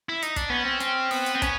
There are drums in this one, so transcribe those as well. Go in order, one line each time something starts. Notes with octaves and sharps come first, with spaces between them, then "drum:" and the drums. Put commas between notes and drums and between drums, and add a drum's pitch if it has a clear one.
E4
D#4, drum: hi-hat
D4, drum: kick, hi-hat
B3 C#4
C4
C4, drum: hi-hat
B3, drum: open hi-hat
drum: hi-hat
C4
C#4, drum: kick, hi-hat